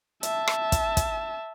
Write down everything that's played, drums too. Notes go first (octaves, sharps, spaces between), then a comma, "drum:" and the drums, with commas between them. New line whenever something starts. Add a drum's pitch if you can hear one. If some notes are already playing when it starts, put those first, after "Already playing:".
E5 A5, drum: hi-hat
drum: rim click
drum: kick, hi-hat
drum: kick, hi-hat